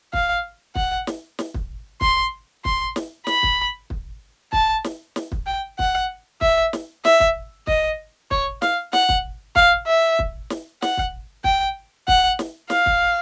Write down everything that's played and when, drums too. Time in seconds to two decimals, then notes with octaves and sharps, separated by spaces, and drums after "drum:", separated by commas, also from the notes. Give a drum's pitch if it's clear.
0.13 F5, drum: kick
0.75 F#5, drum: kick
1.07 drum: snare
1.39 drum: snare
1.54 drum: kick
2.01 C6, drum: kick
2.65 C6, drum: kick
2.96 drum: snare
3.27 B5, drum: snare
3.43 drum: kick
3.90 drum: kick
4.53 A5, drum: kick
4.84 drum: snare
5.16 drum: snare
5.32 drum: kick
5.47 G5
5.79 F#5, drum: kick
6.41 E5, drum: kick
6.73 drum: snare
7.05 E5, drum: snare
7.20 drum: kick
7.67 D#5, drum: kick
8.31 C#5, drum: kick
8.62 F5, drum: snare
8.93 F#5, drum: snare
9.09 drum: kick
9.56 F5, drum: kick
9.87 E5
10.19 drum: kick
10.50 drum: snare
10.82 F#5, drum: snare
10.97 drum: kick
11.44 G5, drum: kick
12.08 F#5, drum: kick
12.39 drum: snare
12.70 F5, drum: snare
12.86 drum: kick